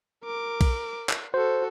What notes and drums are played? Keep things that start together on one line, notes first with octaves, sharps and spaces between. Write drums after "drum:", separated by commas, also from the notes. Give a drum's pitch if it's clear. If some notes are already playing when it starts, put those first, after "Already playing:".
A#4 D6
drum: kick B1, cymbal
drum: clap
F#4 A4 C5